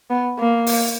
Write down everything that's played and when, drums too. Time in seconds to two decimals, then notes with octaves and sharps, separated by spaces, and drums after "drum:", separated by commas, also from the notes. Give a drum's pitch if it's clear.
0.10 B3
0.39 A#3
0.66 drum: open hi-hat